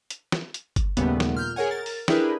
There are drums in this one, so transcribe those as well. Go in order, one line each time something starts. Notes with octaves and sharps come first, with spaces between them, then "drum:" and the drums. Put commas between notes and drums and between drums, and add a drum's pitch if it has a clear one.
drum: hi-hat
drum: snare
drum: hi-hat
drum: kick G1, hi-hat
D#2 A#2 C#3 G3 A3 B3, drum: hi-hat
drum: snare
A#2 F6 G6
G#4 A#4 C#5 F#5 G#5
A#4 A6
drum: open hi-hat
D4 E4 G4 G#4 A#4 B4, drum: snare